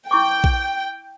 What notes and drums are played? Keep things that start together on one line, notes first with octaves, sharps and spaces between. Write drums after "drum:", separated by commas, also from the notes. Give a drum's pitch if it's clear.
E4 G5 C#6 D6
drum: kick A#1